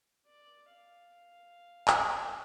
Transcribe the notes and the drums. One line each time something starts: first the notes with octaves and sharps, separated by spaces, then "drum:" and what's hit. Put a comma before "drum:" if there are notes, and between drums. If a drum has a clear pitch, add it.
D5
F5
drum: clap